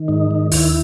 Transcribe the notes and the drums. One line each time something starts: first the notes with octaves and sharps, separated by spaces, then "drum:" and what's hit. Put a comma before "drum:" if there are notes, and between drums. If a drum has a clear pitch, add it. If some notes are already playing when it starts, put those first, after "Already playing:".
Already playing: D#3
G#2 D#4
D#3
D#2 E4, drum: open hi-hat